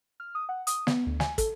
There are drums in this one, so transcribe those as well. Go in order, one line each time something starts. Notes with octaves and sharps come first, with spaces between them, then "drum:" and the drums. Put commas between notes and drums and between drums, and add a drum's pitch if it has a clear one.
F6
D#6
F#5
D#6, drum: hi-hat
B3, drum: snare
D2
G#5, drum: snare
A4, drum: kick, hi-hat